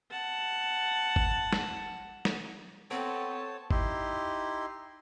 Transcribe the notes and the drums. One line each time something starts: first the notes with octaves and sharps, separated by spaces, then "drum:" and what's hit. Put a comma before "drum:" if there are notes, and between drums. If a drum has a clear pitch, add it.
F#5 A5
drum: kick G#1
drum: snare
drum: snare
B3 C4 A4 C5 C#5 A5
D#4 E4 G4 C6, drum: kick G#1